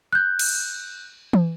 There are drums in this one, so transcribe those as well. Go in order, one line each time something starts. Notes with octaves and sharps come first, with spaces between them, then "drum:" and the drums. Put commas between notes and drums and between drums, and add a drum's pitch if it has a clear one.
F#6 G6
drum: cymbal
drum: tom E3